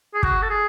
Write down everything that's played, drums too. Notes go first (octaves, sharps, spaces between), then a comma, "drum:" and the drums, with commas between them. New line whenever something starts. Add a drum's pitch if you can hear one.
G#4
F#4, drum: kick
A4
G#4